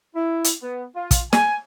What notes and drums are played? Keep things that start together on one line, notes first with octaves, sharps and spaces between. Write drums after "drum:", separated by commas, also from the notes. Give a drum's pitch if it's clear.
E4
drum: hi-hat
B3
F4
drum: kick, hi-hat
G#5, drum: snare